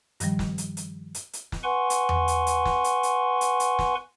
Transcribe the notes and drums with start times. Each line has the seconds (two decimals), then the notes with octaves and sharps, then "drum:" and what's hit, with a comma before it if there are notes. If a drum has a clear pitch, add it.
0.20 G2 D#3 F3 G3, drum: hi-hat
0.39 drum: snare
0.58 drum: hi-hat
0.77 drum: hi-hat
1.15 drum: hi-hat
1.33 drum: hi-hat
1.52 drum: snare
1.63 B4 F#5 G#5 C6 C#6
1.90 drum: hi-hat
2.09 drum: tom E2
2.28 drum: hi-hat
2.47 drum: hi-hat
2.65 drum: snare
2.84 drum: hi-hat
3.03 drum: hi-hat
3.41 drum: hi-hat
3.60 drum: hi-hat
3.79 drum: snare